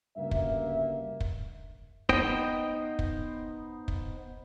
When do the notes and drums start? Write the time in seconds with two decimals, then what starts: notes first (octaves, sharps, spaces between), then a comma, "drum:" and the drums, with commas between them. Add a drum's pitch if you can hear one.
0.16 D2 G2 C#3 A#3 E5
0.31 drum: kick
1.20 drum: kick
2.09 B3 D#4 C5 D#5 G5, drum: kick
2.99 drum: kick
3.88 drum: kick